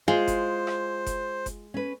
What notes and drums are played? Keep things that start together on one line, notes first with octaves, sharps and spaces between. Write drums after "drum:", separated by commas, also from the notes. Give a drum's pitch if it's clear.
G#3 F4 C5
drum: kick F#1, hi-hat
drum: rim click
drum: kick F#1, hi-hat
drum: kick F#1, hi-hat
C#4 B4